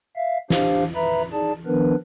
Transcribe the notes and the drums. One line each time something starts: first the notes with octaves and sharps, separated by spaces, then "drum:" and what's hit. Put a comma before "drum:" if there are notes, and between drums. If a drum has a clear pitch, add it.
E5 F5
D4 G4 C5 F5, drum: snare
B4 E5 A#5 B5
D#4 G#4 D5 A5
D#3 F3 B3 D4 A#4 B4